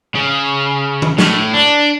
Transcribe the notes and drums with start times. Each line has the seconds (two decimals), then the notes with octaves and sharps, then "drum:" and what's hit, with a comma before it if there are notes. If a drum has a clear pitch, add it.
0.15 C#3
1.02 drum: tom
1.18 A2, drum: snare
1.54 D4